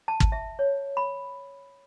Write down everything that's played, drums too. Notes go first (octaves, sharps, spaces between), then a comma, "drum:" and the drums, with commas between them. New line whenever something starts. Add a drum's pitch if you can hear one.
A5
drum: kick
E5
C#5
B5